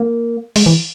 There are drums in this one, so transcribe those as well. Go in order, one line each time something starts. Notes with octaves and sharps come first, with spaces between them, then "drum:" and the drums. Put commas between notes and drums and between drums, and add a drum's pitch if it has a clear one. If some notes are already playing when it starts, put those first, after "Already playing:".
Already playing: A#3
G#3, drum: open hi-hat
E3